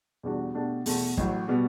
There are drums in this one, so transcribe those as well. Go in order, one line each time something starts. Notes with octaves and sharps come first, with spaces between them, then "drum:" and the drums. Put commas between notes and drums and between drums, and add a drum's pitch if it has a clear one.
E2 B2 G3 D4 F#4
B2 A3 D4 G4
E2 B2 A3, drum: open hi-hat
A1 A2 F#3, drum: kick
B2 G3 B3 F#4